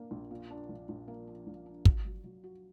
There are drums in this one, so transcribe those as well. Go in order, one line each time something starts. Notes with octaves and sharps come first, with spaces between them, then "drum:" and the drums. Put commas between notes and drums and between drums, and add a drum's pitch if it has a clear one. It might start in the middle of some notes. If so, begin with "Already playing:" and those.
Already playing: A#3 D4
A#1
A#2
D4
A#1
A#1
A#3
D4
A#1
D4
F#4, drum: kick
F#3
F#3
F#4